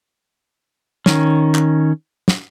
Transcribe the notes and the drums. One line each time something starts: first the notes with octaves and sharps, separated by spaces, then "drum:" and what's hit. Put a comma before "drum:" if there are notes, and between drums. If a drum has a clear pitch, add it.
D#3 C#4, drum: snare
drum: clap
drum: snare